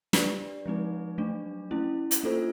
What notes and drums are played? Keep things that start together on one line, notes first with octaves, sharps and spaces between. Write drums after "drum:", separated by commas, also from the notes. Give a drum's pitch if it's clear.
D4 G4 B4 D5, drum: snare
F3 G#3 C4 D#4
F#3 A3 D4
A3 C#4 E4
drum: hi-hat
A#3 D4 F4 A4 C5